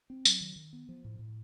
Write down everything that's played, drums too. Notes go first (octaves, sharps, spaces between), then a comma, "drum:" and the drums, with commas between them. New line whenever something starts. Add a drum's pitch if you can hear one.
C4
F#3, drum: tambourine
D#3
D#3
B3
F3
A2
A2